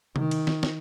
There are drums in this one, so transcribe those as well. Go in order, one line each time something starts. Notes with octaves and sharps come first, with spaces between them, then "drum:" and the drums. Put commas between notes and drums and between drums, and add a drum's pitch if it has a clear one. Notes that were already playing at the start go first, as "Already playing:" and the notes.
D#3, drum: tom C3
drum: cymbal
drum: snare
drum: snare